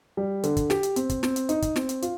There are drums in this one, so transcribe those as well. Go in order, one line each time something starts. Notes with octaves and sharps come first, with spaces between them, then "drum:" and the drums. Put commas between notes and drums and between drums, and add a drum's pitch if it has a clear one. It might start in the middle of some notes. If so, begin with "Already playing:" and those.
G3
D3, drum: hi-hat
drum: kick, hi-hat
G4, drum: snare
drum: hi-hat
C4, drum: hi-hat
drum: kick, hi-hat
C4, drum: snare
drum: hi-hat
D#4, drum: hi-hat
drum: kick, hi-hat
C4, drum: snare
drum: hi-hat
F4, drum: hi-hat